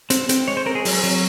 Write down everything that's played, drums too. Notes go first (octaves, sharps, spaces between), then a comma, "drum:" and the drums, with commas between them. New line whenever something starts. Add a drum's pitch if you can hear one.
C4, drum: hi-hat
C4, drum: hi-hat
G#3 C#5
C5
C4 A#4
G#4
F#3, drum: open hi-hat
F#3